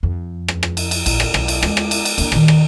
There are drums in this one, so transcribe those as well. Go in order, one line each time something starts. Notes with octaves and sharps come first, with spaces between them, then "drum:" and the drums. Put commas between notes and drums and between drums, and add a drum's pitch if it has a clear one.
F2
drum: rim click
drum: rim click
drum: cymbal
drum: cymbal
A#1, drum: cymbal
drum: rim click
B1, drum: rim click
drum: cymbal
G#3 B3, drum: rim click
drum: rim click
drum: cymbal
drum: cymbal
A#3 D4, drum: cymbal
A#2 D#3, drum: rim click
drum: rim click